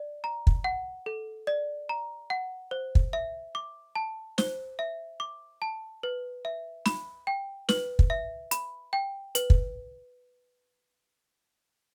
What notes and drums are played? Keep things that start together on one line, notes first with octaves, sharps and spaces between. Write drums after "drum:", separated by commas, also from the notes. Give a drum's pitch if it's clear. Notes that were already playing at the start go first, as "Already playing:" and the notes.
Already playing: D5
A#5
drum: kick
F#5
A4
D5
A#5
F#5
C5
drum: kick
E5
D6
A5
C5, drum: snare
E5
D6
A5
B4
E5
B5, drum: snare
G5
B4, drum: snare
drum: kick
E5
B5, drum: hi-hat
G5
B4, drum: hi-hat
drum: kick